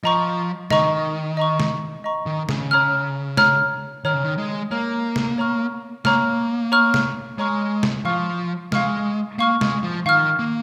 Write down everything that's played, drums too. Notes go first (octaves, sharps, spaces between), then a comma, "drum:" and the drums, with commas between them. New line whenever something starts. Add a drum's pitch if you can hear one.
F3 D#5 A#5 C#6
D#3 D#5 A#5 C#6, drum: snare
D#5 A#5 C#6
drum: snare
D#5 A#5 C#6
D#3
C#3, drum: snare
C#5 A#5 F6
C#5 A#5 F6, drum: snare
D#3 C#5 A#5 F6
C#3
D#3
G#3
A#3 C#5 A#5 F6
drum: snare
C#5 A#5 C#6 F6
A#3 C#5 A#5 C#6 F6, drum: snare
C#5 A#5 C#6 F6
drum: snare
G#3 C#5 A#5 C#6 F6
drum: snare
F3 F5 C#6 F6
G#3 F5 C#6 F6, drum: snare
A#3 F5 C#6 F6
G#3, drum: snare
F3
D#3 F5 C#6 F6
A#3